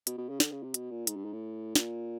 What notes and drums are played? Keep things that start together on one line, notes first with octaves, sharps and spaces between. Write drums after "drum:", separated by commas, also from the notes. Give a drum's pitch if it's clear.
B2, drum: hi-hat
B2
C#3
D3, drum: snare
C#3
C3
B2, drum: hi-hat
A#2
G#2, drum: hi-hat
G2
G#2
A2
A#2, drum: snare